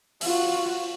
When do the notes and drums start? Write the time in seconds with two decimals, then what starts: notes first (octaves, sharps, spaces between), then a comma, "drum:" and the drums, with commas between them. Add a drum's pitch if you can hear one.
0.21 F4 F#4, drum: open hi-hat